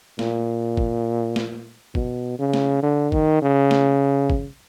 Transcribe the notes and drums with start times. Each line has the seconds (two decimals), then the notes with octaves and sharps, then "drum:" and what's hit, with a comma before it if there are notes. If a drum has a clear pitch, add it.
0.19 A#2, drum: snare
0.77 drum: kick G1
1.36 drum: snare
1.95 B2, drum: kick G1
2.39 C#3
2.54 drum: snare
2.83 D3
3.12 D#3, drum: kick G1
3.42 C#3
3.71 drum: snare
4.30 drum: kick G1